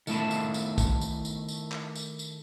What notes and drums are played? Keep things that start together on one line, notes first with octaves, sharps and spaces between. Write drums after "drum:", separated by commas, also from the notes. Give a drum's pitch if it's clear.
D#3 A3 E4 A5, drum: tambourine
drum: tambourine
drum: tambourine
drum: kick, tambourine
drum: tambourine
drum: tambourine
drum: tambourine
drum: clap
drum: tambourine
drum: tambourine